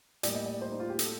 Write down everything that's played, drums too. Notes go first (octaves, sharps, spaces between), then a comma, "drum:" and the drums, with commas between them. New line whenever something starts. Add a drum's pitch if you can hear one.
A2 G3 A#3 D5, drum: hi-hat
D#5
D5
C5
D#4
F4
G4
A4, drum: hi-hat